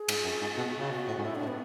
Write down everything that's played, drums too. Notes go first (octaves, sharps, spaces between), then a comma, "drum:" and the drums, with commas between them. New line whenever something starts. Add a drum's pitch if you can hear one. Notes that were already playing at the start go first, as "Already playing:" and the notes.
Already playing: G#4
G#2, drum: cymbal
F#2
G#2
B2
C#3
B2 F#4
A2
G#2
A2 E4
D4
A2
B3